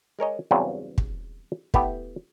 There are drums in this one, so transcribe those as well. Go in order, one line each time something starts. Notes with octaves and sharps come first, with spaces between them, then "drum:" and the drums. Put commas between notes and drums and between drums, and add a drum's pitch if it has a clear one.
G#3 A#4 C#5 D#5
E2 G2 C#3 F#3 C4 D4
drum: kick
A3 B3 E4 G4, drum: kick